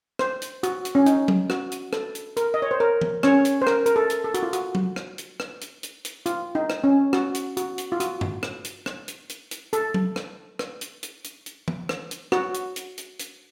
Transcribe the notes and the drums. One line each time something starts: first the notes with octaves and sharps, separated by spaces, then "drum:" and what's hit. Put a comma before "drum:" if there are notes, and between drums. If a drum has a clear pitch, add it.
C5, drum: rim click
drum: hi-hat
F#4, drum: hi-hat
drum: hi-hat
C#4
D#4, drum: hi-hat
drum: tom F#3
F#4, drum: rim click
drum: hi-hat
A4, drum: rim click
drum: hi-hat
A#4, drum: hi-hat
D#5
C#5
C5
A#4
drum: tom E3
C#4 C#5, drum: rim click
drum: hi-hat
C5
A#4, drum: rim click
A#4, drum: hi-hat
A4
drum: hi-hat
A4
F#4, drum: hi-hat
F4
F#4, drum: hi-hat
drum: tom F#3
drum: rim click
drum: hi-hat
drum: rim click
drum: hi-hat
drum: hi-hat
drum: hi-hat
F4, drum: hi-hat
D#4
drum: rim click
C#4
F#4, drum: rim click
drum: hi-hat
F#4, drum: hi-hat
drum: hi-hat
F4
F#4, drum: hi-hat
drum: tom G2
drum: rim click
drum: hi-hat
drum: rim click
drum: hi-hat
drum: hi-hat
drum: hi-hat
A4, drum: hi-hat
drum: tom F#3
drum: rim click
drum: rim click
drum: hi-hat
drum: hi-hat
drum: hi-hat
drum: hi-hat
drum: tom E3
drum: rim click
drum: hi-hat
F#4, drum: rim click
drum: hi-hat
drum: hi-hat
drum: hi-hat
drum: hi-hat